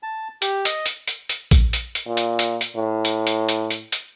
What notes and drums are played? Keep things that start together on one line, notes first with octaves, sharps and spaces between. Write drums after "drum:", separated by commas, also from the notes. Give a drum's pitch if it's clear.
A5
G4, drum: hi-hat
D#5, drum: hi-hat
drum: hi-hat
drum: hi-hat
drum: hi-hat
drum: kick A#1, hi-hat
drum: hi-hat
drum: hi-hat
A#2
drum: hi-hat
drum: hi-hat
drum: hi-hat
A2
drum: hi-hat
drum: hi-hat
drum: hi-hat
drum: hi-hat
drum: hi-hat